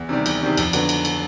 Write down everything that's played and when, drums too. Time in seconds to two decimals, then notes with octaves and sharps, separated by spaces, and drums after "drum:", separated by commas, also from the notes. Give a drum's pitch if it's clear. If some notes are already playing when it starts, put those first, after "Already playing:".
Already playing: E2
0.09 C3 D#3 G3
0.26 E2, drum: cymbal
0.42 C3 D#3 G3
0.57 F2, drum: cymbal
0.73 D3 F#3 B3, drum: cymbal
0.89 drum: cymbal
1.05 drum: cymbal